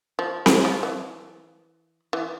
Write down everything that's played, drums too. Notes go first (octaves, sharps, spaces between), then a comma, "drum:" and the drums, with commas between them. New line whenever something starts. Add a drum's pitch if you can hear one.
F3
G#3, drum: snare C4
F3
E3
E3